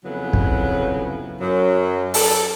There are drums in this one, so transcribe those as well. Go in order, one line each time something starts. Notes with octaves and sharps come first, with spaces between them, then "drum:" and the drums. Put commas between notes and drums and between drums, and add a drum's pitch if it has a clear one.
F2 C#3 F#3 B3 E4
drum: kick
F#2 F#3
A4, drum: open hi-hat